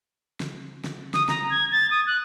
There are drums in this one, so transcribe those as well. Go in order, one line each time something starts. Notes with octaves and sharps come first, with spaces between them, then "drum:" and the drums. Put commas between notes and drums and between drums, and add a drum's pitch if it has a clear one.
drum: snare
drum: snare
D#6, drum: snare
A#5, drum: snare
G#6
A6
D#6
F#6